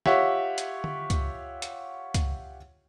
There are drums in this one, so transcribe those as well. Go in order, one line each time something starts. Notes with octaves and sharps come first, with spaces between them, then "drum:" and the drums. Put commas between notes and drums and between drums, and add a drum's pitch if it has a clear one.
F4 G4 C#5 E5 F#5, drum: snare
drum: hi-hat
drum: tom D3
drum: kick C#2, hi-hat
drum: hi-hat
drum: kick C#2, hi-hat